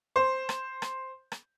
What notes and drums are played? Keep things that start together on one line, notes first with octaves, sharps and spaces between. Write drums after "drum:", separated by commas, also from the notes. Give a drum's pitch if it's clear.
C5
drum: rim click
drum: rim click
drum: rim click